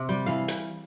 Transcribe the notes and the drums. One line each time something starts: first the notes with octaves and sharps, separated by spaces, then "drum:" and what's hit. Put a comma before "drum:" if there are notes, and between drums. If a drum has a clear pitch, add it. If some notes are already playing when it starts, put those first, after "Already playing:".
Already playing: C3
G3 G5
E3 F5
drum: hi-hat